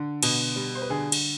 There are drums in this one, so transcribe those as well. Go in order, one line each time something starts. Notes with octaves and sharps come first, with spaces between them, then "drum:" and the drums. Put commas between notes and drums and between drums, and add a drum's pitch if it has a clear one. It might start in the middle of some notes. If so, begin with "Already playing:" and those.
Already playing: D3
B2, drum: cymbal
G3
C5
B4
D3 G#4
drum: cymbal